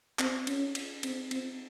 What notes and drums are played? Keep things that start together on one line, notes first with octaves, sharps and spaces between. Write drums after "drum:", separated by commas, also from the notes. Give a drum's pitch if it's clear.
C4, drum: clap
C#4, drum: cymbal
drum: cymbal
C4, drum: cymbal
C4, drum: cymbal